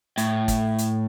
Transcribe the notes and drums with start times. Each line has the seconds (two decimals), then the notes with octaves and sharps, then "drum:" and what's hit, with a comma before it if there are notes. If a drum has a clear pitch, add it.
0.18 A2, drum: hi-hat
0.48 drum: kick G#1, hi-hat
0.78 drum: hi-hat